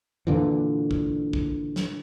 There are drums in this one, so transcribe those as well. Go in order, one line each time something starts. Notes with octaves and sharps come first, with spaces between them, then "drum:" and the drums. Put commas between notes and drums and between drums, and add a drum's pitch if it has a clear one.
A#2 D3 E3
drum: kick A#1
drum: kick A#1
drum: snare